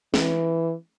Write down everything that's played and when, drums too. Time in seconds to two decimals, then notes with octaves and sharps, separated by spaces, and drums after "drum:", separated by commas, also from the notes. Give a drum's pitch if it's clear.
0.14 E3, drum: snare